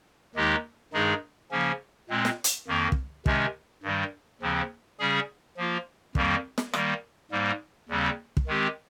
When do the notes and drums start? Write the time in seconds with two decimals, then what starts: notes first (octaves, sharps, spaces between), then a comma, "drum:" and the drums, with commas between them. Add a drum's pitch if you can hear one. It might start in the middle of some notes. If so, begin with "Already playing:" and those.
0.35 D#2 D#3 G#3 D#4 G4
0.93 G2 D#3 G#3 D#4 G#4
1.51 C#3 F3 A#3 C#4
2.09 A#2 G#3 C4
2.25 drum: snare
2.44 drum: hi-hat
2.68 F2 D#3 A#3
2.92 drum: kick
3.26 C3 D#3 G#3 C#4, drum: kick
3.83 G2 D#3 G3
4.41 D#2 C#3 F3 C4
4.99 C#3 G3 C#4 G#4
5.57 F3 A#3 F4
6.15 F2 D#3 G3 A#3, drum: kick
6.58 drum: snare
6.73 D#3 G3 A#3, drum: rim click
7.31 G#2 G3 A#3
7.89 D#2 C#3 G3 C4
8.37 drum: kick
8.47 D#3 G#3 C4 G4